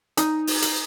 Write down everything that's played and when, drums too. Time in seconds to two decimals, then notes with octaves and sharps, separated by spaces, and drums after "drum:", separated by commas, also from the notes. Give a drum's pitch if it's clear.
0.17 D#4, drum: hi-hat
0.47 drum: open hi-hat
0.62 drum: hi-hat